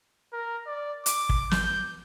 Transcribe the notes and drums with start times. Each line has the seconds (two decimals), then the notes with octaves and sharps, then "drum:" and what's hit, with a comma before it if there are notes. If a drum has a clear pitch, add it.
0.33 A#4
0.66 D5
1.06 D6, drum: hi-hat
1.29 drum: kick
1.51 G6, drum: snare